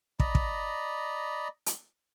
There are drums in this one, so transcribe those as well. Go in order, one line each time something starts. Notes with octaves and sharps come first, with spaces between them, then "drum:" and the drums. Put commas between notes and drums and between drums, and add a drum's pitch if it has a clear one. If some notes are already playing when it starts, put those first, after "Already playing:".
D5 D#5 A#5 B5, drum: kick
drum: kick
drum: hi-hat